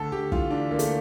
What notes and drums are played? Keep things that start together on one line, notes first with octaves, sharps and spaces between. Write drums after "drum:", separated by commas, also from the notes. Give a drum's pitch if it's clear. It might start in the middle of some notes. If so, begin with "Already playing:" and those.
Already playing: D2 A4
D2 G4
E3 F4, drum: kick
D2 D4
D2 A#3
A3, drum: hi-hat